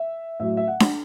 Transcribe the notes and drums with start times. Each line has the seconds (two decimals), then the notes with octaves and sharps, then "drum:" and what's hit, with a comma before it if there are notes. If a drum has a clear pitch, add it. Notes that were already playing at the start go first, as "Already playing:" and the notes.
Already playing: E5
0.40 A2 F#3 E5
0.57 E5
0.67 F#5
0.80 drum: snare D4